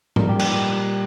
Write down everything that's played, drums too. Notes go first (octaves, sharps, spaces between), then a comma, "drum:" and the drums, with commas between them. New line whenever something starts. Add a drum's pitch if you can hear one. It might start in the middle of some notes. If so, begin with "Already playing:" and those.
A#2 G3 A#4, drum: tom G#2
G4
G4, drum: cymbal